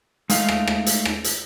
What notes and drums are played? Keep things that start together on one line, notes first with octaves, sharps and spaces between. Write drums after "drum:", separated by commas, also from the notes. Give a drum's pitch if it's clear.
G#3 A3 D#4 F5, drum: hi-hat
drum: rim click
drum: rim click
drum: hi-hat
drum: rim click
drum: hi-hat